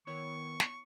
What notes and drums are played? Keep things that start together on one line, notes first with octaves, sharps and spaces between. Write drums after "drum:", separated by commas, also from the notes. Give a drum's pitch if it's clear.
D#3 B3 E4 C#5 C#6
drum: snare